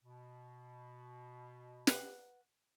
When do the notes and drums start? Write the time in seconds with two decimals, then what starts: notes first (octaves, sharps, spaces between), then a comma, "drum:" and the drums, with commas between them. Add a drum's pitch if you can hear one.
0.04 B2
1.87 B4 F#5, drum: snare